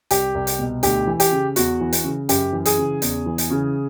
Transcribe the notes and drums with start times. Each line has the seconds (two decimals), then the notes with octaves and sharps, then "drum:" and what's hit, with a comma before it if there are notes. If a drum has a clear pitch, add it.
0.10 C2 G4, drum: hi-hat
0.35 C2
0.47 drum: hi-hat
0.59 B2
0.83 D2 G4, drum: hi-hat
1.07 E3
1.20 G4, drum: hi-hat
1.32 C#3
1.56 E2 F#4, drum: hi-hat
1.81 E3
1.93 drum: hi-hat
2.04 C#3
2.29 F#2 G4, drum: hi-hat
2.53 E3
2.65 G#4, drum: hi-hat
2.78 C#3
3.02 E2, drum: hi-hat
3.26 E3
3.38 drum: hi-hat
3.50 C#3